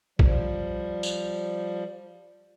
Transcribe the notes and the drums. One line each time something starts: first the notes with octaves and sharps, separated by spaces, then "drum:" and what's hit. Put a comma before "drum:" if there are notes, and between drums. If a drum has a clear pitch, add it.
F3 G3, drum: kick B1
drum: tambourine